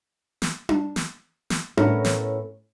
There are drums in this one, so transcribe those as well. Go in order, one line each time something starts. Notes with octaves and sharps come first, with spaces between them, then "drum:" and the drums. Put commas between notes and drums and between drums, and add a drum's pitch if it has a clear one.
drum: snare
drum: tom D4
drum: snare
drum: snare
A2 B3 C#4 A#4, drum: tom D4
drum: snare